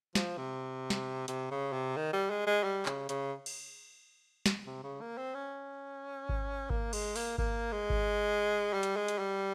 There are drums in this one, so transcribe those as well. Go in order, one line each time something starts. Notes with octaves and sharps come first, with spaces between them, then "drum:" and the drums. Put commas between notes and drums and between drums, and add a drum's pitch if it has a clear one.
F3, drum: snare
C3
drum: snare
C3, drum: hi-hat
C#3
C3
D#3
G3
G#3
G#3
G3
C#3, drum: clap
C#3, drum: hi-hat
drum: cymbal
drum: snare
C3
C#3
A#3
C4
C#4
drum: kick G#1
A#3, drum: kick G#1
G#3, drum: cymbal
A#3, drum: open hi-hat
A#3, drum: kick G#1
G#3
drum: kick G#1
G3
drum: hi-hat
G#3
drum: hi-hat
G3